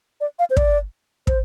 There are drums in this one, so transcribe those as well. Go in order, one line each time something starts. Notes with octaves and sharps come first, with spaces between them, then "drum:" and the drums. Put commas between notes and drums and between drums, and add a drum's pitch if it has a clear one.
D5
F5
C5
D5, drum: kick
C5, drum: kick